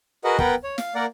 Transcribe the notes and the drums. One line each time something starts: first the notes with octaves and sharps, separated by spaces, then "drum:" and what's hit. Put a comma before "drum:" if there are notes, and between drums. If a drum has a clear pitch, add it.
F#4 G#4 A#4 B4 D#5 F#5
B3 A#4 B4 F#5 G5, drum: kick
C#5
F5, drum: snare
A#3 A#4 D5 F#5